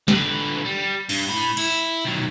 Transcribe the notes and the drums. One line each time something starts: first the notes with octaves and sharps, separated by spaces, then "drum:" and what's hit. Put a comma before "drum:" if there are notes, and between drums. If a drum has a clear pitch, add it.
D3 B4, drum: snare
G3
G2, drum: cymbal
A2 B5
E4, drum: cymbal
D#3 F#3